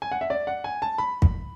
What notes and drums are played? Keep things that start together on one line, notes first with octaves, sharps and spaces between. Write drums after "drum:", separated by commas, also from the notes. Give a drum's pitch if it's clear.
G#5
F#5
E5
D5
F#5
G#5
A5
B5
drum: kick